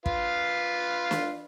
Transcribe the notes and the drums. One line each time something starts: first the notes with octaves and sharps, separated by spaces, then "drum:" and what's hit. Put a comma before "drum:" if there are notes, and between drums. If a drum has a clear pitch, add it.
F4 B4 F5, drum: kick
drum: snare